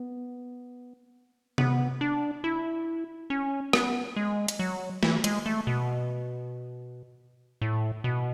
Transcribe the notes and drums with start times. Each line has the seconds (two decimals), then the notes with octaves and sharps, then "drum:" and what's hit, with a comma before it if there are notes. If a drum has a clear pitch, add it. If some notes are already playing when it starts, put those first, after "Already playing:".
Already playing: B3
1.58 B3, drum: tom C3
2.01 D4
2.44 E4
3.30 C#4
3.73 B3, drum: rim click
4.16 G#3
4.48 drum: hi-hat
4.59 F#3
5.03 E3, drum: snare A3
5.24 G#3, drum: hi-hat
5.46 A3
5.67 B2
7.62 A2
8.04 B2